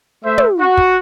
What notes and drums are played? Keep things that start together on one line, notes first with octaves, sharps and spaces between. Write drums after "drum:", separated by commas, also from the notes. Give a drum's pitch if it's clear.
A3 C5 E5
drum: tom
F#4
drum: kick